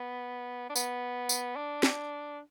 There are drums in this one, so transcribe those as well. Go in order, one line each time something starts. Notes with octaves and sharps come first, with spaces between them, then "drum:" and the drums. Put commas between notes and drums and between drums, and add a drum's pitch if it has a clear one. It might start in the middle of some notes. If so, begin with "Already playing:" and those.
Already playing: B3
D4
B3, drum: tambourine
drum: tambourine
D4
drum: snare